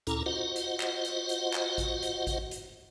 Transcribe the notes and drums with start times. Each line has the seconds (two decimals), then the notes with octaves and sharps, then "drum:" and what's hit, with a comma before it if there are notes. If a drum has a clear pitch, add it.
0.07 D2 A#2 C#4 E4 A4 A#5, drum: hi-hat
0.26 F4 F#4 C5 D#5 F#5
0.56 drum: hi-hat
0.80 drum: clap
1.05 drum: hi-hat
1.29 drum: hi-hat
1.54 drum: clap
1.78 drum: kick A1, hi-hat
2.02 drum: hi-hat
2.27 drum: kick A1, hi-hat
2.51 drum: hi-hat